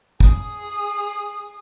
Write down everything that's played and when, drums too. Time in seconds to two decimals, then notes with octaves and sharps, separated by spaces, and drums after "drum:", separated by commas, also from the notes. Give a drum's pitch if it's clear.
0.20 G#4 D#6, drum: kick